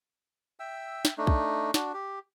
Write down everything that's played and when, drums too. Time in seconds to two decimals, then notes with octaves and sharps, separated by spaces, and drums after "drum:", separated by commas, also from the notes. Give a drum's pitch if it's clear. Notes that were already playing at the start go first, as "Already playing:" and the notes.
0.60 E5 G5 E6
1.05 drum: snare
1.18 A3 D4 D#4
1.27 drum: kick B1
1.74 D4 F#4, drum: snare
1.94 G4